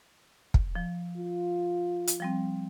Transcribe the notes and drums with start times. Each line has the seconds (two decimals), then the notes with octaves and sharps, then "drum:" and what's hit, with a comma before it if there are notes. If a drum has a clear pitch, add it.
0.54 drum: kick
0.75 F3
1.18 F4
2.07 drum: hi-hat
2.20 F3 G3 C4